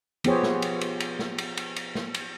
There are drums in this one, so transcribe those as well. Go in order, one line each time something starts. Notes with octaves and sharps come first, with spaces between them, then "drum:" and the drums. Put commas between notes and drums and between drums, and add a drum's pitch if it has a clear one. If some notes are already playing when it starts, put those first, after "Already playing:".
F3 B3 G4 G#4 C5 C#5, drum: cymbal
drum: snare
drum: cymbal
drum: cymbal
drum: cymbal
drum: snare
drum: cymbal
drum: cymbal
drum: cymbal
drum: snare
drum: cymbal